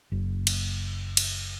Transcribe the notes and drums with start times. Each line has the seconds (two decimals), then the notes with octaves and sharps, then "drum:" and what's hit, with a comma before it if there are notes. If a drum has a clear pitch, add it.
0.12 F#1
0.47 drum: cymbal
1.17 drum: cymbal